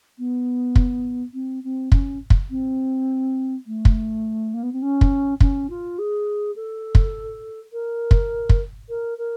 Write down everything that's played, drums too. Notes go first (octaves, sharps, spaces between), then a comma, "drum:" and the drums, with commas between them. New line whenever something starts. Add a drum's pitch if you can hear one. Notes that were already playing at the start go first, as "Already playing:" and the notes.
B3
drum: kick
C4
C4
C#4, drum: kick
drum: kick
C4
A3
drum: kick
A#3
B3
C4
C#4
drum: kick
C#4, drum: kick
F4
G#4
A4
drum: kick
A#4
drum: kick
drum: kick
A#4
A#4